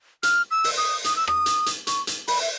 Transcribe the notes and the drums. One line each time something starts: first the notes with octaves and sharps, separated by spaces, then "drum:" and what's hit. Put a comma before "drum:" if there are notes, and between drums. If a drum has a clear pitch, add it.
F6, drum: hi-hat
E6
drum: open hi-hat
D#6
D#6, drum: hi-hat
E6
D#6, drum: rim click
drum: hi-hat
drum: hi-hat
C#6, drum: hi-hat
drum: hi-hat
B5, drum: open hi-hat
E5